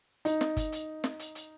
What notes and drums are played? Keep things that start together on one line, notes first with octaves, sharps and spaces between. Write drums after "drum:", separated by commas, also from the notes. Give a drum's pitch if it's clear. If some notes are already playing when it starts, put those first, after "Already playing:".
D#4, drum: hi-hat
drum: snare
drum: kick G1, hi-hat
drum: hi-hat
drum: snare
drum: hi-hat
drum: hi-hat